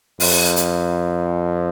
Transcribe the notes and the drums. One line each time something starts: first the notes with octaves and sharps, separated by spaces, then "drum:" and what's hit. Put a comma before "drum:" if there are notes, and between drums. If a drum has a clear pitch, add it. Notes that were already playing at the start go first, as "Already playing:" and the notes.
F2, drum: open hi-hat
drum: hi-hat